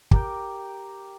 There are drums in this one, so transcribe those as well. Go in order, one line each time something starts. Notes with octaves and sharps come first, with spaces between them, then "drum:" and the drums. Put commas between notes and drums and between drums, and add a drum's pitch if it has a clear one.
G4 A#4 G5, drum: kick